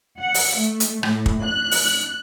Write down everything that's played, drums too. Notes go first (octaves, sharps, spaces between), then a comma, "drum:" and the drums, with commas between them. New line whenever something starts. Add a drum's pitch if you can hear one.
F#5
drum: open hi-hat
A3
drum: hi-hat
A2, drum: rim click
drum: kick
F#6
drum: open hi-hat